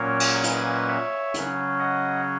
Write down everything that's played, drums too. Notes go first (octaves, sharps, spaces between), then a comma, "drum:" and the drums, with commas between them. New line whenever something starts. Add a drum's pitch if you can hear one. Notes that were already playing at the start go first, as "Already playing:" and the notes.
Already playing: A#2 F#3 A#3 C#4 A#4 C#5
drum: cymbal
B4 D#5, drum: hi-hat
C#5 E5
C#3 F#3 C#4, drum: hi-hat
D#5 F#5